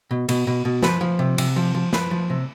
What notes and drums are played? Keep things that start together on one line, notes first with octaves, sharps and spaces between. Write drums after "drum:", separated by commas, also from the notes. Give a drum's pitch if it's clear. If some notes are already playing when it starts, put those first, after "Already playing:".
B2
B2, drum: cymbal
B2
B2
F3 B4, drum: snare
F3
C3
C3, drum: cymbal
F3
F3
F3 B4, drum: snare
F3
C3